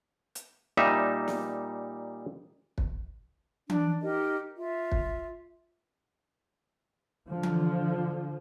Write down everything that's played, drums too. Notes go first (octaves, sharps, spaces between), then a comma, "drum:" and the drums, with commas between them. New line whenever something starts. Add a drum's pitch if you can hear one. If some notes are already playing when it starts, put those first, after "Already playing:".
drum: hi-hat
A#2 G3 D#4 E5
drum: snare
drum: kick
D4, drum: tom E3
D#4 G4 A#4 D#5
F4 E5
drum: kick
D3 F3
drum: tom E3